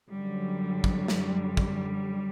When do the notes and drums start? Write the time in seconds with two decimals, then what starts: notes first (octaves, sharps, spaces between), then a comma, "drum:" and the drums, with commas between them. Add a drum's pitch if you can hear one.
0.10 F#2 D3 F#3 G3
0.84 drum: kick
1.08 drum: snare
1.57 drum: kick